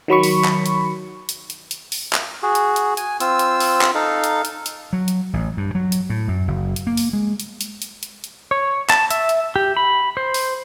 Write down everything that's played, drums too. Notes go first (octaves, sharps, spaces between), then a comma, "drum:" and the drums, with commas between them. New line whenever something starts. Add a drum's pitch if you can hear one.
D#3 F#3 B5 C#6
drum: open hi-hat
drum: clap
drum: hi-hat
drum: hi-hat
drum: hi-hat
drum: hi-hat
drum: open hi-hat
drum: clap
F#4 G#4
drum: hi-hat
drum: hi-hat
G#5, drum: hi-hat
C4 F4 E6, drum: hi-hat
drum: hi-hat
drum: open hi-hat
drum: clap
D#4 A4 F5
drum: hi-hat
drum: hi-hat
drum: hi-hat
F#3
drum: hi-hat
A1
G2
F#3
drum: hi-hat
A2
F#2
F#1
drum: hi-hat
A#3
drum: open hi-hat
G#3
drum: hi-hat
drum: hi-hat
drum: hi-hat
drum: hi-hat
drum: hi-hat
C#5
A5, drum: clap
E5, drum: hi-hat
drum: hi-hat
G4
B5
C5
drum: open hi-hat